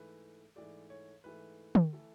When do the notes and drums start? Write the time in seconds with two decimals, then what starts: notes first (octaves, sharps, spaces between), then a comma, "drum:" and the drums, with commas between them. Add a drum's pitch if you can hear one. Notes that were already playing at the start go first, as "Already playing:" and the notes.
Already playing: G#2 E3 A3 B4
0.56 G#2 E3 A3 D5
0.90 C#5
1.24 G#2 E3 A3 B4
1.75 drum: tom
1.93 E3 A3 A4